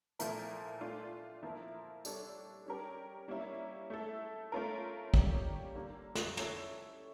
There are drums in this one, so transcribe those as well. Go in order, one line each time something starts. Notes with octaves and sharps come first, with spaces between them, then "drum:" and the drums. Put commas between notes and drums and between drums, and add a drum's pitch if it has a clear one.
A#2 F3 A3 E4 A#4, drum: hi-hat
A3 D4 F4
F3 A#3 E4 A#4
G3 D4 A4 C#5, drum: tambourine
G3 C#4 G4 A#4
G3 A#3 C#4 E4
A3 E4 A4
A3 C#4 F4 A#4
G3 A#3 C#4 G4, drum: kick
D3 G3 A#3
drum: snare
G3 C#4 E4 A4 C#5, drum: snare